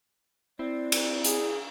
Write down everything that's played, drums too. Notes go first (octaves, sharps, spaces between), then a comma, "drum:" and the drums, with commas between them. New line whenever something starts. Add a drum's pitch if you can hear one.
C4 E4 D5
drum: cymbal
G#4, drum: hi-hat